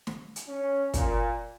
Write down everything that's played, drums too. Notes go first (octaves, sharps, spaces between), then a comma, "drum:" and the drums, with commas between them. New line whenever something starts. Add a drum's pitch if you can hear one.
drum: snare
drum: hi-hat
C#4
A#2, drum: kick, hi-hat